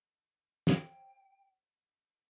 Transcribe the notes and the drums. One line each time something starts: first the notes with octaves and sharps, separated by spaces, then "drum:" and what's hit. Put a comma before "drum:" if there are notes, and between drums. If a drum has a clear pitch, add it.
G5, drum: snare